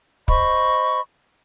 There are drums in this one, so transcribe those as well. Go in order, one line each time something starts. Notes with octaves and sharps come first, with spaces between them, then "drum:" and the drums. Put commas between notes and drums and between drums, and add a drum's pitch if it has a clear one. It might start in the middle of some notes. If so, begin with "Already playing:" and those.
C5 D#5 B5 C#6, drum: kick